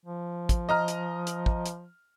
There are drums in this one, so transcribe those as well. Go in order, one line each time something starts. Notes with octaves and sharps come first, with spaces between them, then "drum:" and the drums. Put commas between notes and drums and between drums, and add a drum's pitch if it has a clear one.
F3
drum: kick, hi-hat
D#5 A#5 F6
drum: hi-hat
drum: hi-hat
drum: kick
drum: hi-hat